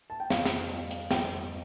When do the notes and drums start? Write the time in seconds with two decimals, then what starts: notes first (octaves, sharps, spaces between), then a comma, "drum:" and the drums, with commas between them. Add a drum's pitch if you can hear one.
0.10 A5
0.20 G5
0.30 F2 F5, drum: snare
0.45 drum: snare
0.71 G3
0.91 drum: hi-hat
1.11 F2 G5, drum: snare